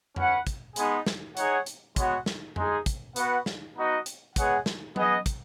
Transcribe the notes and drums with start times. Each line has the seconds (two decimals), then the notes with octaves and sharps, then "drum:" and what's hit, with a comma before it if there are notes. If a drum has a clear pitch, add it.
0.16 C#4 B4 F#5, drum: tom F2
0.47 drum: kick, hi-hat
0.76 G#3 B3 D#4 G#4, drum: hi-hat
1.06 drum: snare
1.37 D#4 G#4 C#5 F#5, drum: hi-hat
1.66 drum: hi-hat
1.96 G#3 B3 F#4 C#5 F#5, drum: kick, hi-hat
2.26 drum: snare
2.56 G#3 D#4 G#4, drum: tom F2
2.86 drum: kick, hi-hat
3.16 B3 F#4 B4 F#5, drum: hi-hat
3.46 drum: snare
3.76 B3 D#4 F#4 B4 D#5
4.06 drum: hi-hat
4.36 G#3 B3 G#4 C#5 F#5, drum: kick, hi-hat
4.66 drum: snare
4.96 B3 G#4 D#5, drum: tom F#3
5.26 drum: kick, hi-hat